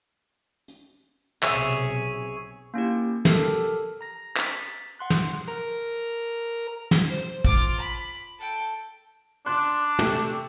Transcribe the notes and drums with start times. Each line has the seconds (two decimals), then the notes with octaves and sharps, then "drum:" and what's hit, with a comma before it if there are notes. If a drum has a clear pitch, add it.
0.68 drum: hi-hat
1.43 B1 C3 G#4 C#5 E5, drum: clap
2.74 A#3 C#4 E4 G4
3.25 G4 A4 A#4, drum: snare
4.01 A#5 A#6
4.36 A6 B6, drum: clap
4.99 F#5 C6 F#6
5.10 drum: snare
5.48 A#4
6.91 drum: snare
7.08 C5
7.45 F4 D6, drum: kick
7.78 B5
8.39 A4 G5
9.46 D4 C6 F#6
9.99 C3 A3, drum: tom